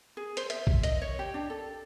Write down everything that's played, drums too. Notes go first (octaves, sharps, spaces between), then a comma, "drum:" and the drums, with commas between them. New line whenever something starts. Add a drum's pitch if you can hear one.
G#4
C5, drum: hi-hat
E5, drum: hi-hat
drum: kick
D#5, drum: hi-hat
C#5
G4
D4
A4